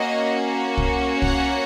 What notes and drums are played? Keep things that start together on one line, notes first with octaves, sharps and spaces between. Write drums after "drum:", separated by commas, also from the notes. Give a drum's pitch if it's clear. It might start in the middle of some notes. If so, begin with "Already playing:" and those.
Already playing: A#3 C#4 F#4 D#5
drum: kick
C#5 F#5, drum: kick